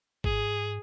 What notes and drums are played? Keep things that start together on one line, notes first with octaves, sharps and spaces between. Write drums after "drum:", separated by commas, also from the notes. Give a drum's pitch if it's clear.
G#2 G#4, drum: kick G#1